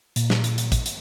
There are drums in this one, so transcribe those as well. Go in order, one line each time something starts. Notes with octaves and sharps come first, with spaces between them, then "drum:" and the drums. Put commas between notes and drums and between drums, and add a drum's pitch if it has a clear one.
A#2, drum: hi-hat
drum: snare
drum: hi-hat
drum: hi-hat
drum: kick, hi-hat
drum: hi-hat